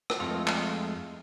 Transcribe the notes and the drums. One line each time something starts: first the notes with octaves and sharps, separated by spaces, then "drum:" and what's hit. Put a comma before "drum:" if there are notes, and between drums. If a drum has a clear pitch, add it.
drum: rim click
F2 G#3 A3 F4
drum: clap